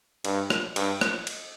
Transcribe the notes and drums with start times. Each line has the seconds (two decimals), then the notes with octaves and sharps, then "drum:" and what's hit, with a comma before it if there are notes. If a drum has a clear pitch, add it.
0.25 G2, drum: cymbal
0.50 drum: rim click
0.76 G2, drum: cymbal
1.01 drum: rim click
1.27 drum: cymbal